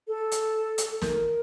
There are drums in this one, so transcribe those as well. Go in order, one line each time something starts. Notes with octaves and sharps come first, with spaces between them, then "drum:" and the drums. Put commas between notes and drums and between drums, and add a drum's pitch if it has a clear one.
A4
drum: hi-hat
drum: hi-hat
A#4, drum: snare